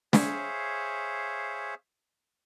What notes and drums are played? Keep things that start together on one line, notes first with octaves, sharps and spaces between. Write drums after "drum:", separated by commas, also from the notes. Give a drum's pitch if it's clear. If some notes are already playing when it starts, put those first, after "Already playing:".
G#4 C5 C#5 E5 F5, drum: snare